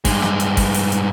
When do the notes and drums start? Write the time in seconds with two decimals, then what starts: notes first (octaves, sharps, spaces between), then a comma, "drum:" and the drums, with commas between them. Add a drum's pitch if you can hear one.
0.05 G2 G#3, drum: kick, open hi-hat
0.22 drum: snare
0.40 drum: hi-hat
0.57 drum: kick, open hi-hat
0.74 drum: open hi-hat
0.92 drum: hi-hat